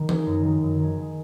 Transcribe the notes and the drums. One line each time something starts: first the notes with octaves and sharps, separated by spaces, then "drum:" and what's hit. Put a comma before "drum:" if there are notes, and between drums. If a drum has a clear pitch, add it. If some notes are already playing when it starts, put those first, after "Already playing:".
Already playing: D#3
G#3 D#4, drum: tom E3
F#2
D#3 G#3
F#2
D#3 G#3
D#3